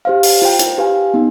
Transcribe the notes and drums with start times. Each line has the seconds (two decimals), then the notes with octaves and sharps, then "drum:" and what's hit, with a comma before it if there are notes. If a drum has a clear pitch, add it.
0.05 G4 C5 F5
0.23 drum: open hi-hat
0.42 F4 C5 G5
0.59 drum: hi-hat
0.78 G4 B4 F5 G#5
1.14 B3 D#4